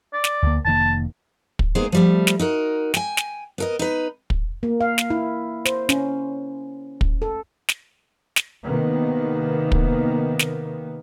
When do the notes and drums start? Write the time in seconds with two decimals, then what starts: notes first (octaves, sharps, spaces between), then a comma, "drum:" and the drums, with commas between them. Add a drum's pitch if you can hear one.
0.13 D5
0.24 drum: snare
0.43 D2 A#3
0.65 F1 D#3 A#3 A5
1.59 drum: kick
1.75 G#3 A#3 B3 D#4 G#4 C5
1.92 F3 G3 A3
2.27 drum: snare
2.39 D#4 F#4 A#4
2.94 G5 G#5, drum: snare
3.17 drum: snare
3.58 B3 A#4 D#5
3.79 D#4 B4
4.30 drum: kick
4.63 A#3
4.81 F5
4.98 drum: snare
5.10 E4
5.65 C5, drum: snare
5.89 C#4, drum: snare
7.01 drum: kick
7.22 A4
7.69 drum: snare
8.36 drum: snare
8.65 C3 D#3 A#3 B3
9.72 drum: kick
10.39 drum: snare